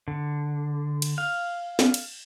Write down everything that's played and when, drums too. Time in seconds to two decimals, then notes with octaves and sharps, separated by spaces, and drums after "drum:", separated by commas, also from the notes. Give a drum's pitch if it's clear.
0.08 D3
1.02 drum: cymbal
1.18 F5
1.79 drum: snare
1.94 drum: cymbal